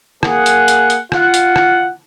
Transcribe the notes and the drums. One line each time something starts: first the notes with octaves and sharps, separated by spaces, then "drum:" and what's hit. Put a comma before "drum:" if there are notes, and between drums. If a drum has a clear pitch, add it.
A#3 G#4 F#5, drum: rim click
drum: hi-hat
drum: hi-hat
drum: hi-hat
F4 F#5, drum: rim click
drum: hi-hat
drum: rim click